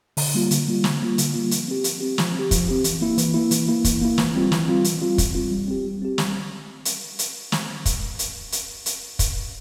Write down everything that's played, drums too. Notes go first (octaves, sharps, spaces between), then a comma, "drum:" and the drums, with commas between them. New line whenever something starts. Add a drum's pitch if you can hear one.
D3, drum: open hi-hat
G3 A#3 F4
D3, drum: hi-hat
G3 A#3 F4
D3, drum: snare
G3 A#3 F4
D3, drum: hi-hat
G3 A#3 F4
F3, drum: hi-hat
C4 G4
F3, drum: hi-hat
C4 G4
F3, drum: snare
C4 G4
F3, drum: kick, hi-hat
C4 G4
E3, drum: hi-hat
A#3 E4
E3, drum: hi-hat
A#3 E4
E3, drum: hi-hat
A#3 E4
E3, drum: kick, hi-hat
A#3 E4
E3, drum: snare
G3 C4 F4
E3, drum: snare
G3 C4 F4
E3, drum: hi-hat
G3 C4 F4
E3, drum: kick, hi-hat
G3 C4 F4
G3
C4 G4
G3
C4 G4
G3, drum: snare
drum: hi-hat
drum: hi-hat
drum: snare
drum: kick, hi-hat
drum: hi-hat
drum: hi-hat
drum: hi-hat
drum: kick, hi-hat